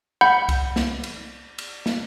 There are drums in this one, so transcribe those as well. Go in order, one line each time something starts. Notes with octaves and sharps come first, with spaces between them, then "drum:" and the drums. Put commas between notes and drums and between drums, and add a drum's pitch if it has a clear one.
F#5 B5 G6
drum: kick C2, cymbal
drum: snare
drum: cymbal
drum: cymbal
drum: snare